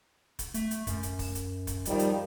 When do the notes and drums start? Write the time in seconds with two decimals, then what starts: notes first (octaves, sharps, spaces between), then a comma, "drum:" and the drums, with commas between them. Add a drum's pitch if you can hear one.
0.39 drum: kick, hi-hat
0.54 A3, drum: hi-hat
0.71 drum: hi-hat
0.87 F#2, drum: kick, hi-hat
1.03 drum: hi-hat
1.19 drum: kick, open hi-hat
1.35 drum: hi-hat
1.67 drum: kick, hi-hat
1.85 D#3 F3 G3, drum: hi-hat
1.99 drum: hi-hat